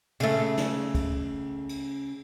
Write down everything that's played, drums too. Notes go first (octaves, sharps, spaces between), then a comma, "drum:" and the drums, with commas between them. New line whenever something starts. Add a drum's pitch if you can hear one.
C#3 A3, drum: cymbal
drum: snare
drum: kick, cymbal
drum: cymbal